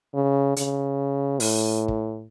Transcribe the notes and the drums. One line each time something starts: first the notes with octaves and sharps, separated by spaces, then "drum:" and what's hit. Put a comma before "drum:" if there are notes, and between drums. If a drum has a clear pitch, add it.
C#3
C#3, drum: hi-hat
A2, drum: open hi-hat
drum: kick